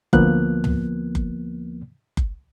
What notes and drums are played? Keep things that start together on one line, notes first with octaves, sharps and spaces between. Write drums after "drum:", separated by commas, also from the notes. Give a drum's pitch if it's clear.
D2 F3 A#3 B3 F#6, drum: kick F#1
drum: tom
drum: kick F#1
drum: kick F#1